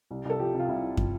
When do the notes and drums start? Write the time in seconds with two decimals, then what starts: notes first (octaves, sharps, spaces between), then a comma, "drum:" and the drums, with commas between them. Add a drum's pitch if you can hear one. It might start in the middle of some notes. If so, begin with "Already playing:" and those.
0.11 C2
0.25 C2 A4
0.39 F3 G4
0.54 C3
0.59 F4
0.68 C2 E4
0.83 C2
0.97 F3, drum: kick